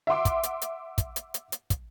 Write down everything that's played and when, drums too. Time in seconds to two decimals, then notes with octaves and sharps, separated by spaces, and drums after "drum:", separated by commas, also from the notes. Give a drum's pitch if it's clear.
0.07 E5 F#5 C6 D6
0.25 drum: kick, hi-hat
0.43 drum: hi-hat
0.62 drum: hi-hat
0.98 drum: kick, hi-hat
1.16 drum: hi-hat
1.34 drum: hi-hat
1.52 drum: hi-hat
1.70 drum: kick, hi-hat